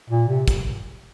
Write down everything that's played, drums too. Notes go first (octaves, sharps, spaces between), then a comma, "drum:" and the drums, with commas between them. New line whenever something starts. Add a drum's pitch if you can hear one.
A#2
C3
drum: kick, hi-hat